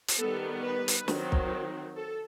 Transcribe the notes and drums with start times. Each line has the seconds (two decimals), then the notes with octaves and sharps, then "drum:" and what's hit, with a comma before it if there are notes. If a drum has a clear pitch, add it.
0.08 drum: hi-hat
0.17 D#3 G3 B3 A4
0.62 B4
0.88 drum: hi-hat
1.08 D#3 F#3 C4, drum: snare
1.32 drum: kick
1.97 A4